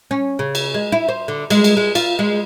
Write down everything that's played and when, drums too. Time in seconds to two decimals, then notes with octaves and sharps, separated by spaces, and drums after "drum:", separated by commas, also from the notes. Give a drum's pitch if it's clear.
0.11 C#4
0.39 C#3
0.55 drum: cymbal
0.74 G#3
0.92 E4
1.09 C5
1.28 D3
1.50 G#3, drum: cymbal
1.64 drum: cymbal
1.77 G#3
1.95 F4, drum: cymbal
2.19 G#3